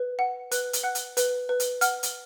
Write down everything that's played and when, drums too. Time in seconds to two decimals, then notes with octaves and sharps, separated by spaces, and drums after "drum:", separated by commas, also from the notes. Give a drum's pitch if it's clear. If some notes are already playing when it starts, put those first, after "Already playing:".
Already playing: B4
0.19 F#5
0.51 B4 F#6, drum: hi-hat
0.73 drum: hi-hat
0.83 F#5 F#6
0.95 drum: hi-hat
1.17 B4, drum: hi-hat
1.49 B4
1.60 drum: hi-hat
1.81 F#5 F6, drum: hi-hat
2.03 drum: hi-hat